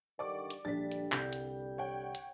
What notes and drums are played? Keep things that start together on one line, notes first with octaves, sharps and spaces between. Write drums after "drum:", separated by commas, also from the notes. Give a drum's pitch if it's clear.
G2 D3 D#3 D5 C#6 D6
drum: hi-hat
A#1 D3 G3 D4 A6 B6
drum: hi-hat
C2 G6, drum: clap
drum: hi-hat
C#5 F#5 G5
drum: hi-hat